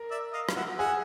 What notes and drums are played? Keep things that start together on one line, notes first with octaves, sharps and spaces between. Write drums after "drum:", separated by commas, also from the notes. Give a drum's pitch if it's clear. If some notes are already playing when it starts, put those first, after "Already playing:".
Already playing: A#4
D5 E5
D#5 F5
F5, drum: rim click
E5 F#5
G#4 E5 F#5